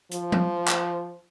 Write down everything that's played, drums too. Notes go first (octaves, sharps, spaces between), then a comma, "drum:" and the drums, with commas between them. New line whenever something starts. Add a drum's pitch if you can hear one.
F3, drum: hi-hat
drum: tom F3
drum: clap